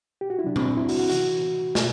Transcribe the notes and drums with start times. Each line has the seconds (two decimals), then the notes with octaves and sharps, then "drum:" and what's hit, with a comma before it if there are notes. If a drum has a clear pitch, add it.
0.21 G4
0.30 F#4
0.39 E4
0.44 C3 F#3 D4
0.56 C4, drum: tom C3
0.77 E4
0.89 F#4, drum: open hi-hat
0.99 F#4
1.10 C3 E3 F#4, drum: hi-hat
1.75 B2, drum: snare